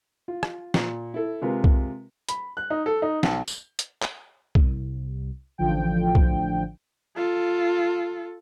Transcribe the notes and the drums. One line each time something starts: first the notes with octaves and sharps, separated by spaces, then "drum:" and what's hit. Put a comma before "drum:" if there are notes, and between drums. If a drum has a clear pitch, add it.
F4
drum: rim click
A#2, drum: snare
E4 A4
C3 G#3 F4 A#4 B4
drum: kick B1
B5, drum: hi-hat
F#6
D#4
A4
D#4
B1, drum: snare
drum: tambourine
drum: hi-hat
drum: clap
C2, drum: kick B1
A1 D3 F3 G5
drum: kick B1
F4 A4